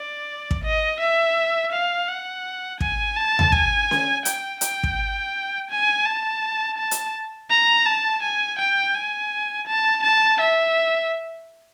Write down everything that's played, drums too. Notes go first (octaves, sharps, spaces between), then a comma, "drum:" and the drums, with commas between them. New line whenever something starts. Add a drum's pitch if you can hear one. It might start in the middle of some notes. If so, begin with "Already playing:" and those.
Already playing: D5
drum: kick
D#5
E5
F5
F#5
G#5, drum: kick
A5
drum: tom D#2
G#5, drum: kick
drum: snare C#4
G5, drum: hi-hat
G5, drum: hi-hat
drum: kick
G#5
A5
A5
drum: hi-hat
A#5
A5
G#5
G5
G#5
A5
A5
E5